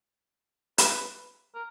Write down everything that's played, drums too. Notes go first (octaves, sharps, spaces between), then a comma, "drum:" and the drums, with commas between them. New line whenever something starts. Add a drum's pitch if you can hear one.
B4, drum: hi-hat
A#4